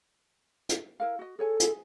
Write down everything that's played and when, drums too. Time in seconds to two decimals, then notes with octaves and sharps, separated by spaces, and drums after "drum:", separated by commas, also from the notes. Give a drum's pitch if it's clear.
0.69 drum: hi-hat
1.00 E4 A#4 F5
1.19 F#4 D#5
1.39 G#4 A4 C#5 G#5
1.60 G#4 G#5, drum: hi-hat